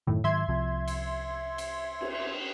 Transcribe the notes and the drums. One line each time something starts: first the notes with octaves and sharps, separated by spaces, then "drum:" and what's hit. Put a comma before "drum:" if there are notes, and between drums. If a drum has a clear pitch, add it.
F#2 A2 D#3
G#2 D#3 F#3 E5 C6 G#6
C2 C3 F3
drum: cymbal
drum: cymbal
drum: cymbal